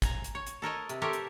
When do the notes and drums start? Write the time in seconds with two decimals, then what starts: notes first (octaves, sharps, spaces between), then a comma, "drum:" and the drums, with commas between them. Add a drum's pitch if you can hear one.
0.02 G#5 A#5, drum: kick, hi-hat
0.24 drum: hi-hat
0.35 C#5
0.47 drum: hi-hat
0.62 A4 A#4 C#5 D#5
0.89 C3, drum: hi-hat
1.02 G4 A4 A#4 C5 C#5 E5
1.13 drum: hi-hat